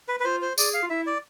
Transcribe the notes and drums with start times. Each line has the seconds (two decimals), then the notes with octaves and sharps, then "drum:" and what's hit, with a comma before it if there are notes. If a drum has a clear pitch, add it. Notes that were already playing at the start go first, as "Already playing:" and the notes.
0.08 B4
0.20 B4
0.25 F4 C5
0.42 C5
0.58 G#4 D5, drum: tambourine
0.74 F5
0.82 F4
0.90 E4 E5
1.07 D5